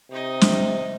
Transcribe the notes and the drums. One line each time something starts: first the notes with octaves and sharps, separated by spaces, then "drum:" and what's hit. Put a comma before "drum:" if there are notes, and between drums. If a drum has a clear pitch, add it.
C3 D#4 D#5
drum: snare